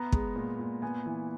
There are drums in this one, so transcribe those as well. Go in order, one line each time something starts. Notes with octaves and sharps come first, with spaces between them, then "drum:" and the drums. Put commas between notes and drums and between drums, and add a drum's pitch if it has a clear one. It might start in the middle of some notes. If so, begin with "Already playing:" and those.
Already playing: B3 A#5
G#3, drum: kick
A#2
A#2
B3 G#5
E3